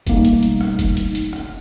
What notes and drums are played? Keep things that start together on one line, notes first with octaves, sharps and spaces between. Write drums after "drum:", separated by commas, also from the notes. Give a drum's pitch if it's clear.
B1 G3 A3 A#3 D#4, drum: kick F1, hi-hat
drum: hi-hat
drum: hi-hat
drum: rim click
drum: kick F1, hi-hat
drum: hi-hat
drum: hi-hat
drum: rim click